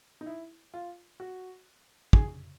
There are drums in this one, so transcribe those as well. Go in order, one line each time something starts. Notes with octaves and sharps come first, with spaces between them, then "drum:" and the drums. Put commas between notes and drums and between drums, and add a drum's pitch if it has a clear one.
D#4
E4
F4
F#4
G#4, drum: kick